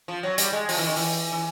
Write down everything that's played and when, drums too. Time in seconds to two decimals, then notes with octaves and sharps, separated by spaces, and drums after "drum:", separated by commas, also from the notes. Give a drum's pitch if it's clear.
0.08 F3
0.23 F#3
0.38 G3, drum: hi-hat
0.53 G#3
0.69 F3, drum: open hi-hat
0.78 E3
0.87 D#3
0.96 E3, drum: open hi-hat
1.33 E3